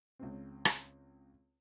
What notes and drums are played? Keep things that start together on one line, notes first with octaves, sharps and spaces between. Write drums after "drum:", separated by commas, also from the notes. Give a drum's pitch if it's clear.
C#2 C#3 C4
drum: rim click